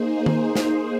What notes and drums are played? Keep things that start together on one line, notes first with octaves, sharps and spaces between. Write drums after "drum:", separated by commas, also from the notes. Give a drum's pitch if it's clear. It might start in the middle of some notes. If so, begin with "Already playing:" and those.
Already playing: A#3 D#4 G#4 C5
drum: tom D#3
drum: snare